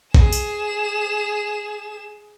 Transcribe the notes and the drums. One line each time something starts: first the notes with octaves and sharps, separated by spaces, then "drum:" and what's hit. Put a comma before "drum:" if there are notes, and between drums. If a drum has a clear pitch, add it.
G#4 E7, drum: kick
drum: tambourine